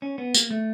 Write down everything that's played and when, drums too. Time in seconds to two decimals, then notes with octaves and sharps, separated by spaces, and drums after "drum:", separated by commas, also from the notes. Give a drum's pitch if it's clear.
0.02 C#4
0.18 B3
0.34 A#3, drum: tambourine
0.51 A3